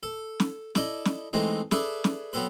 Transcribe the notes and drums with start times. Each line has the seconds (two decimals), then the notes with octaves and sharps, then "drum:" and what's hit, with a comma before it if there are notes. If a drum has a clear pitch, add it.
0.03 A4
0.40 drum: snare
0.75 E4 A4 D5 D#5, drum: snare
1.05 drum: snare
1.33 E3 G#3 A3 C4 D#4
1.71 G#4 A4 B4 D5 E5 A5, drum: snare
2.04 drum: snare
2.33 F#3 B3 C4 A4 B4